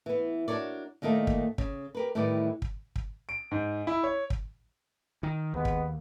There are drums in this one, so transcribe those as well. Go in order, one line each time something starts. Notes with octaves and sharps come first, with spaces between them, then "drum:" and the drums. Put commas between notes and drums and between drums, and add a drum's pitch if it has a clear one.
E3 B3
D4 F#4 G4 A#4 C#5 D5
D#2 A#2 D#3 A3 A#3
drum: kick
C#3, drum: kick
G4 A#4 B4
A2 D#3 E3 G3 E4 D5
drum: kick
drum: kick
D7
G#2
E4
C#5
drum: kick
D#3
D#2 G#3 B3
drum: kick